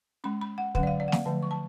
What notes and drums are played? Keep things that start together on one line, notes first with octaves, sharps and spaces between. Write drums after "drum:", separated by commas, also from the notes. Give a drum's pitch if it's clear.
G#3 C#4 B5
B5
F#5
D3 F#3 C#4 F#5, drum: kick
D5
F5
D5
F#5
F5, drum: snare
D3 F3 A3 A5
C#6
A5